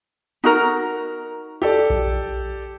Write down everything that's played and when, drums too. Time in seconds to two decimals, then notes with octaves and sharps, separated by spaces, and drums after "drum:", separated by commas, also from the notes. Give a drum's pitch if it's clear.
0.44 D#4 F#4 A#4
1.62 G4 A4 D5
1.90 drum: kick A#1